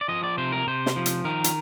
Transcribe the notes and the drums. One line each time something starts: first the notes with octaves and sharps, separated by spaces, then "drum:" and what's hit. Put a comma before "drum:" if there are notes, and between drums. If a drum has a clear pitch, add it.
D5
F3 D#5
D5
C3 C5
A#4
C3 C5
drum: snare
F3
drum: hi-hat
D#3 A#4
drum: hi-hat